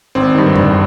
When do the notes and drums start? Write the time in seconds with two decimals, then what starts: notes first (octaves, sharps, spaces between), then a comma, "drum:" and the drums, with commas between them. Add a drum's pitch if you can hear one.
0.15 G#1 C4
0.35 G2 D#3
0.56 G#1, drum: tom F#2